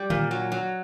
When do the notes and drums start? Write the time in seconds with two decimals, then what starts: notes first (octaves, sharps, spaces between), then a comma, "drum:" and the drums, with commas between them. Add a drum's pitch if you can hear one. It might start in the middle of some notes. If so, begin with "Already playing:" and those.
Already playing: G3
0.10 A#2, drum: tom D3
0.31 F#3
0.52 F#3